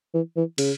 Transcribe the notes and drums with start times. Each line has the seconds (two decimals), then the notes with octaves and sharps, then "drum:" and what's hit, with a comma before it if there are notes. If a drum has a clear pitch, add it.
0.14 E3
0.37 E3
0.58 C#3, drum: cymbal